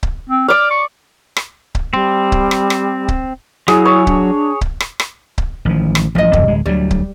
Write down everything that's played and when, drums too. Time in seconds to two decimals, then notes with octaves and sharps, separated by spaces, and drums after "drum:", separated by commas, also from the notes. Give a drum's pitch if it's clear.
0.03 drum: kick C#1
0.29 C4
0.48 D5 D6 F6
0.71 C#6
1.36 drum: rim click
1.75 drum: kick C#1
1.93 G3 C4
2.32 drum: kick C#1
2.51 drum: rim click
2.70 drum: rim click
3.08 drum: kick C#1
3.68 F#3 E4 G#4, drum: rim click
3.85 C#5
4.07 D4, drum: kick C#1
4.61 drum: kick C#1
4.80 drum: rim click
5.00 drum: rim click
5.38 drum: kick C#1
5.65 A1 D#3 F3
5.95 drum: rim click
6.15 A1 G2 F3 D#5
6.33 F2 C3 E3, drum: kick C#1
6.47 D1 G#3
6.66 D2 F#3 G3
6.91 drum: kick C#1